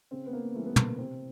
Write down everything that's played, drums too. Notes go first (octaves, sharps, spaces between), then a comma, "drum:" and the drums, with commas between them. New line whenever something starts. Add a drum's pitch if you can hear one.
C#3 C4
B3
A#3
E3 G3 A3
B3
A#3, drum: tom
C3 C4